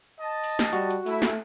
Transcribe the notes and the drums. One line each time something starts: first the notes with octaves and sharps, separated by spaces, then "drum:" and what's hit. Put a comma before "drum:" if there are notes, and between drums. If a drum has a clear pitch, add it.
D#5 A5
drum: open hi-hat
drum: snare
G3 F#4, drum: hi-hat
drum: hi-hat
A3 E4, drum: open hi-hat
drum: snare